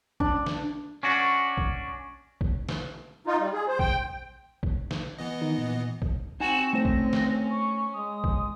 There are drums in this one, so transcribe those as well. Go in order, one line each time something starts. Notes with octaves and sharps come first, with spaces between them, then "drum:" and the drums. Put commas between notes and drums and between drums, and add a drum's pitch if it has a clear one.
D4, drum: kick A#1
drum: snare
C#4 D4 F#4
drum: kick A#1
drum: kick A#1
drum: snare
D#4 F4
G3
G#4
C5
G5, drum: kick A#1
drum: kick A#1
drum: snare
E3 B3 D#5
D#3 D#4
A#2
drum: kick A#1
C4 D#4 F#4 G#5 E7
A3 C#4 D#4 C5 A#6
drum: kick A#1
drum: snare
C#6
G#3 D#6
drum: kick A#1